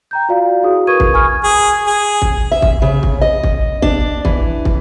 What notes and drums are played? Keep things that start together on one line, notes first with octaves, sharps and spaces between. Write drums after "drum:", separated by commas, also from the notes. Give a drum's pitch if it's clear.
G5 A#5 G6
F4 F#4 D5 F5
E4 F#4 G#4 D#6
A#4 B4 C#6 D#6 G#6 D#7
drum: kick
G#5 B5 C#6 D#6 F6 G#6
G#4
G#4
drum: kick
E5
drum: kick
C#3
drum: kick
D#5
drum: kick
D4, drum: kick
E3, drum: kick
drum: kick